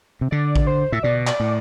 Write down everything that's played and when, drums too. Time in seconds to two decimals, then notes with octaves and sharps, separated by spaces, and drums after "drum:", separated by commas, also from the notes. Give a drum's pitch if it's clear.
0.21 C3
0.31 D3 D5
0.56 drum: kick A1
0.67 C5
0.92 A2 E5
1.03 B2 D5
1.27 D5, drum: clap
1.40 A2